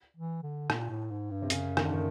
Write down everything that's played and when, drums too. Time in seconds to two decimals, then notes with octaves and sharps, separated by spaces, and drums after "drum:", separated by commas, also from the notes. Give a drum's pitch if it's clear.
0.16 E3
0.43 D3
0.70 A#2, drum: rim click
0.90 A2
1.10 G#2
1.31 G2
1.42 C3
1.50 F#2 C#3, drum: hi-hat
1.77 D#3, drum: rim click
1.85 D3
1.92 D#3